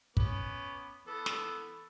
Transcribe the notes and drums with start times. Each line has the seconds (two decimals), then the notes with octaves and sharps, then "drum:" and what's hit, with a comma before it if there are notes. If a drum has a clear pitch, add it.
0.17 B3 C#4 D6, drum: kick
1.07 E3 B3 A4
1.26 drum: snare